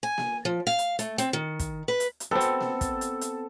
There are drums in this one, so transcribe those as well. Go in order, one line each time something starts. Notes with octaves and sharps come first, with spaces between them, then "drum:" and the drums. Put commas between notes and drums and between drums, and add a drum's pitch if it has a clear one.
G#5
drum: snare A#3
F3
F5
drum: hi-hat
A3, drum: hi-hat
C4, drum: hi-hat
D#3
drum: kick, hi-hat
B4
drum: hi-hat
drum: hi-hat
B3 C4 A4
drum: hi-hat
drum: snare A#3
drum: kick, hi-hat
drum: hi-hat
drum: hi-hat